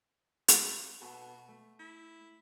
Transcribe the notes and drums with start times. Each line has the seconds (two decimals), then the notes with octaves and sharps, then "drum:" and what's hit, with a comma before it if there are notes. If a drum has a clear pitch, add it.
0.48 drum: hi-hat
1.01 B2 B3 F#4 A4
1.49 A3
1.79 E4